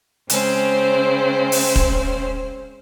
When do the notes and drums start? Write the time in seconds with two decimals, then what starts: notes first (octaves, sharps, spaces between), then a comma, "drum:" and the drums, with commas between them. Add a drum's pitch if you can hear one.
0.30 C#3 G#3 C4 C#4 C5, drum: hi-hat
1.52 drum: open hi-hat
1.76 drum: kick